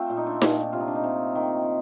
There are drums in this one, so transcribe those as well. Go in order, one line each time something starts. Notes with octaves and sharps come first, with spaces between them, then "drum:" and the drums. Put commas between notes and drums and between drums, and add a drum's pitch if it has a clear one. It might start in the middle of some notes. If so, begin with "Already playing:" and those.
Already playing: A3 C4 F4
A#2
D#4
D4
A#2, drum: snare D#4
C3 F4
D#4
D4
D#4
C3
D#3